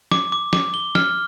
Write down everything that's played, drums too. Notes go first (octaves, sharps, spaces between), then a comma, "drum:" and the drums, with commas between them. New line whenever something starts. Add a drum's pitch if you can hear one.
D6, drum: snare
D6
D6, drum: snare
G7
F6, drum: snare